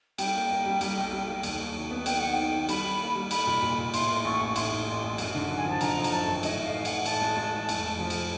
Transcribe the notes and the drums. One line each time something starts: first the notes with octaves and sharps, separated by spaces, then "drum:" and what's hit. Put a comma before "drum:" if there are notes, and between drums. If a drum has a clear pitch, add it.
G3 G5, drum: cymbal
A#3
A#3
G3
G3, drum: cymbal
B1
G3
A#3
D#2, drum: cymbal
D#2
F#3
B3
B3 G5, drum: cymbal
D#3 F#5
D#3 G5
D#3
G3 B5, drum: cymbal
G3
A#3
G3
A#3 B5, drum: cymbal
A#2
A#2
A#2
A2 C6, drum: cymbal
A#3
A1 C#6
A1
A2 C6, drum: cymbal
A2
A1
A1
F#2, drum: cymbal
D3
D3
G#5
F3 A5
D3 A#5, drum: cymbal
F3
A#5, drum: cymbal
F#2 A5
G#1
A2 D#5, drum: cymbal
A2 F5
E3
E3 F#5, drum: cymbal
A2 A5, drum: cymbal
G#3
G#3
E3
F1, drum: cymbal
F1
F3
drum: cymbal